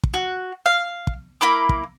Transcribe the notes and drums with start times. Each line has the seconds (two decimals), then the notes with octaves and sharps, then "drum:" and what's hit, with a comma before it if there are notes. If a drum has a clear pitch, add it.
0.04 drum: kick
0.14 F#4
0.66 F5
1.07 drum: kick
1.41 A#3 E4 B5 D6
1.69 drum: kick